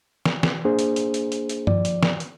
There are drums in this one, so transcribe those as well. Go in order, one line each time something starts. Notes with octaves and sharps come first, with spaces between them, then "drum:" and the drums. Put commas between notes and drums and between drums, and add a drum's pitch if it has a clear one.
drum: snare
drum: snare
A#3 D4 G#4 C5
drum: hi-hat
drum: hi-hat
drum: hi-hat
drum: hi-hat
drum: hi-hat
F3 D5, drum: tom G2
drum: hi-hat
drum: snare
drum: hi-hat